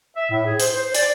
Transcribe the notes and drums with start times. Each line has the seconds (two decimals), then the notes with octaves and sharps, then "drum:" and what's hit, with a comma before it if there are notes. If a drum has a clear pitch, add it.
0.16 E5
0.31 A2
0.46 G#4
0.60 C5, drum: hi-hat
0.76 C5
0.95 D5, drum: hi-hat